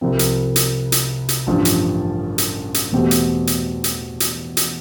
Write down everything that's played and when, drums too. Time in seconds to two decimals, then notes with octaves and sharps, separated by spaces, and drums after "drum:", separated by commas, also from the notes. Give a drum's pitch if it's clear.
0.01 C2 C3 F3 C4
0.19 drum: hi-hat
0.56 drum: hi-hat
0.92 drum: hi-hat
1.29 drum: hi-hat
1.47 A1 G2 F3
1.65 drum: hi-hat
2.38 drum: hi-hat
2.74 drum: hi-hat
2.93 E2 B2 A3 C4 G4
3.11 drum: hi-hat
3.47 drum: hi-hat
3.84 drum: hi-hat
4.20 drum: hi-hat
4.57 drum: hi-hat